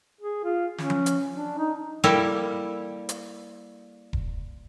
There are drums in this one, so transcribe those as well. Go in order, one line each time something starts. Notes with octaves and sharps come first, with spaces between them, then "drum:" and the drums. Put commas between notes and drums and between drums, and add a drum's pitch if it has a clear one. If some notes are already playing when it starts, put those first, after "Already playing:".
G#4
F4
C#4, drum: snare
drum: tom F3
drum: hi-hat
D4
D#4
G3 A#3 E4 G4 A4 A#4
drum: hi-hat
drum: kick E1